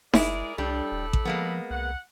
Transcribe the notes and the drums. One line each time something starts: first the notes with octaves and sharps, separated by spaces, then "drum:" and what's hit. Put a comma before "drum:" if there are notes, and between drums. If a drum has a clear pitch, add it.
F#1 G#3 E4 G#4 A#4 D5, drum: snare D#4
C2 A2 G3 D4 A4 B5
D#1
drum: kick A1
F3 G#3 A#3 B3
C2 F#5